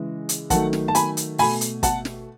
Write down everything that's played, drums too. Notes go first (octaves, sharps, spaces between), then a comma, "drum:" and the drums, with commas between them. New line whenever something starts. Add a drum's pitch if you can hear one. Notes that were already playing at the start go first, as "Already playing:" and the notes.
Already playing: C#3 E3 G#3
drum: hi-hat
D#3 F#3 A3 F#5 A5, drum: kick, hi-hat
drum: snare
A5
G#5 B5, drum: hi-hat
drum: hi-hat
B2 A3 G#5 B5, drum: open hi-hat
drum: hi-hat
F#5 A5, drum: kick, hi-hat
drum: snare